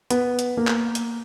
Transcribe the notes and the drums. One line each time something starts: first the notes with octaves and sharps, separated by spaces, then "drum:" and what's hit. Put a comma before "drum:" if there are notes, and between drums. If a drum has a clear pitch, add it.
B3, drum: hi-hat
drum: hi-hat
A#3
drum: clap
drum: hi-hat